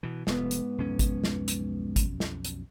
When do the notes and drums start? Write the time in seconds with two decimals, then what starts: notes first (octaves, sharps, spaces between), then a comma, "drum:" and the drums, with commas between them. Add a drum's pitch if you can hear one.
0.03 B2 E3
0.27 F1 G#2 B3, drum: snare
0.51 drum: hi-hat
0.78 B1 F2 C#4
0.99 drum: kick G#1, hi-hat
1.24 drum: snare
1.48 drum: hi-hat
1.96 drum: kick G#1, hi-hat
2.20 drum: snare
2.44 drum: hi-hat